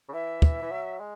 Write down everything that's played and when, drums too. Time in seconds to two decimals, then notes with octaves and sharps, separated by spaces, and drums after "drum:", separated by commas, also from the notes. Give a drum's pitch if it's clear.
0.08 C#3
0.13 E3 E5
0.42 drum: kick
0.62 E3
0.71 F#3
1.00 G#3